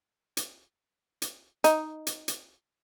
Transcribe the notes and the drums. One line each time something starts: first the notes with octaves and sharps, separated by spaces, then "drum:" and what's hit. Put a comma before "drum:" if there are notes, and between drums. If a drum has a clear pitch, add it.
drum: hi-hat
drum: hi-hat
D#4, drum: hi-hat
drum: hi-hat
drum: hi-hat